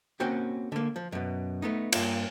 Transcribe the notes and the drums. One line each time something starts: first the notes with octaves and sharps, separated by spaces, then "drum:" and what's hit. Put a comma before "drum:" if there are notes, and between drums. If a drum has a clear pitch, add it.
A#3 C4 C#4 F#4 G5
D3 A#3
F3
F#2 B2
A3 B3 D#4
G2 A#3 F4, drum: cymbal